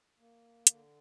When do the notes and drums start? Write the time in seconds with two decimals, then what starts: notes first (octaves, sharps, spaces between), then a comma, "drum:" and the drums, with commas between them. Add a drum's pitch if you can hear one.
0.19 A#3
0.67 D3, drum: hi-hat